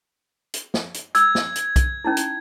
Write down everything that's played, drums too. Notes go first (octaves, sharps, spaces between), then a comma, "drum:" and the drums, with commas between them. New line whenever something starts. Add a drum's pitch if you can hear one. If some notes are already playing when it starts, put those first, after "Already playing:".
drum: hi-hat
drum: snare
drum: hi-hat
E6 G#6, drum: hi-hat
drum: snare
drum: hi-hat
drum: kick B1, hi-hat
C#4 D#4 E4
drum: hi-hat